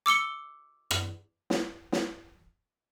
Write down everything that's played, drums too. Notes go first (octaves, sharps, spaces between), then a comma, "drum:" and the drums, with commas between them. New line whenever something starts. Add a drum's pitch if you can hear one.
D6 E6 C#7 G7
drum: rim click
drum: snare
drum: snare